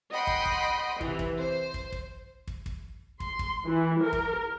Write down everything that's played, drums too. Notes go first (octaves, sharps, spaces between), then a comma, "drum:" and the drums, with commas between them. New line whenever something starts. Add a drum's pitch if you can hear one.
D#5 F#5 G5 B5 C6
drum: kick
drum: kick
C3 E3, drum: kick
drum: kick
C5
drum: kick
drum: kick
drum: kick
drum: kick
C6, drum: kick
drum: kick
E3
A#4
drum: kick